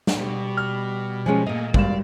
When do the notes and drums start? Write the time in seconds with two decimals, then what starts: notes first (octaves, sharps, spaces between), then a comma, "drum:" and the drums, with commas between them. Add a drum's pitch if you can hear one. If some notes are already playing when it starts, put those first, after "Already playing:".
0.07 drum: snare
0.17 B2 G3
0.57 F6
1.26 F3 G#3 C#4 G#5
1.46 A#2 A3 A#3 D#5
1.74 G#1 G2 D5 F5 E7, drum: kick